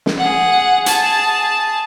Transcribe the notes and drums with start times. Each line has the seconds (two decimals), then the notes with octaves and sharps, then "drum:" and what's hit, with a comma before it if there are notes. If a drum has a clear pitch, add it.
0.06 drum: snare
0.18 G#4 F#5
0.86 G#4 A5, drum: hi-hat